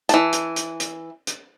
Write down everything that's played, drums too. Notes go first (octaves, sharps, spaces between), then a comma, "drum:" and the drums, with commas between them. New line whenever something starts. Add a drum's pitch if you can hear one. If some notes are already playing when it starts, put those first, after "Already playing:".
E3 A5, drum: hi-hat
drum: hi-hat
drum: hi-hat
drum: hi-hat
drum: hi-hat